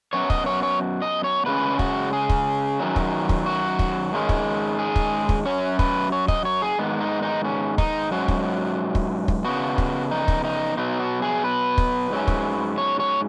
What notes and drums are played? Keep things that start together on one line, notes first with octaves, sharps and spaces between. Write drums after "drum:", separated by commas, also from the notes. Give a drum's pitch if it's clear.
F#2 F#3 B3 C#5
D#5, drum: kick
C#5
C#5
D#5
C#5
C#3 G#3 C#4 B4
F#4, drum: kick
G#4
drum: kick
F#2 D#3 F#3
drum: kick
drum: kick
F#4
drum: kick
G#2 D#3 G#3 C#4
drum: kick
G#4
drum: kick
drum: kick
F#2 F#3 C#4 C#5
B4, drum: kick
C#5
D#5, drum: kick
C#5
G#4
G#2 D#3 G#3 B3
D#4
D#4
C#4
D#4, drum: kick
G#2 F#3 C#4 F#4
drum: kick
drum: kick
drum: kick
C#3 B3 F#4
drum: kick
D#4
drum: kick
D#4
B2 F#3 B3 D#4
F#4
G#4
B4
drum: kick
G#2 F#3 C#4
drum: kick
C#5
C#5